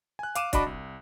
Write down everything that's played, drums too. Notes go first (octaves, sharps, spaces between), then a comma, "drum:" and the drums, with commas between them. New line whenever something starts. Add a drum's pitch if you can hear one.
G#5 F#6
F5 D6 D#7 E7, drum: hi-hat
D4 F#4 D#5 A5 B5 D6, drum: kick C#1, hi-hat
C2